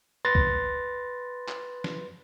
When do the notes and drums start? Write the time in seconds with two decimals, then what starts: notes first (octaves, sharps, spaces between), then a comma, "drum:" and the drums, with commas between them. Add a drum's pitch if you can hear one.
0.25 B4 C6 A6 A#6
0.35 drum: kick
1.48 drum: clap
1.84 drum: snare